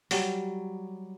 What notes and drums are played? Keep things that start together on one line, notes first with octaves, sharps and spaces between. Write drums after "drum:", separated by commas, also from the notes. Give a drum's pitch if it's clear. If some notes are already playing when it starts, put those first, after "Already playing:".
F#3 G3, drum: open hi-hat